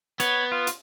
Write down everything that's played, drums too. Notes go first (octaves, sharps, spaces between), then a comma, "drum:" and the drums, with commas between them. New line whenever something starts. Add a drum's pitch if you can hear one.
B3 C#5, drum: hi-hat
F4
drum: hi-hat